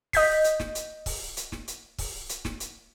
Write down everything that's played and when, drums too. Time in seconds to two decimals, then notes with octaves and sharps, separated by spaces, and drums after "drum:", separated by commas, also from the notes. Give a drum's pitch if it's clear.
0.13 D#5 G6 B6, drum: kick, open hi-hat
0.44 drum: hi-hat
0.60 drum: snare
0.75 drum: hi-hat
1.06 drum: kick, open hi-hat
1.37 drum: hi-hat
1.52 drum: snare
1.68 drum: hi-hat
1.98 drum: kick, open hi-hat
2.29 drum: hi-hat
2.45 drum: snare
2.60 drum: hi-hat